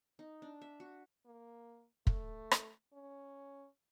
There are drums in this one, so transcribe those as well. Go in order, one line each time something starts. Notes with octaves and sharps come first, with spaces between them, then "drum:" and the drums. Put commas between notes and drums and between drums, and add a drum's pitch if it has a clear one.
D#4
D4
E5
F#4
A#3
A3, drum: kick
drum: rim click
C#4